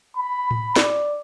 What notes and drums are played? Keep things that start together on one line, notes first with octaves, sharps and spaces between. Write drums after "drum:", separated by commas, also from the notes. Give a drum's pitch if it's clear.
B5
drum: tom A2
D5, drum: snare